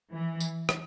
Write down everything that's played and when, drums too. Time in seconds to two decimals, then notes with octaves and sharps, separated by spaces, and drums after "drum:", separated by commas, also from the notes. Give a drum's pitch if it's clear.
0.12 E3
0.40 drum: tambourine
0.69 drum: rim click